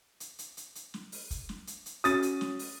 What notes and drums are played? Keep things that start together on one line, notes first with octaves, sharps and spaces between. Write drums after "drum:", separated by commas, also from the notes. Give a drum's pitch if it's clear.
drum: hi-hat
drum: hi-hat
drum: hi-hat
drum: hi-hat
drum: snare
drum: open hi-hat
drum: kick, hi-hat
drum: snare
drum: hi-hat
drum: hi-hat
C#4 F#4 D#6 A6 D#7, drum: hi-hat
drum: hi-hat
drum: snare
drum: open hi-hat